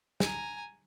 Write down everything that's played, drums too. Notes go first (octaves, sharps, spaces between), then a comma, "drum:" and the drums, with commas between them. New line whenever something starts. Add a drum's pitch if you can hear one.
G#5 A#5, drum: snare